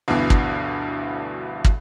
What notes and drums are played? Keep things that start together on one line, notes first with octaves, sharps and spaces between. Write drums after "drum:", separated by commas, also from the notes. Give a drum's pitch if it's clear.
D2 G2 B2 E3
drum: kick
drum: kick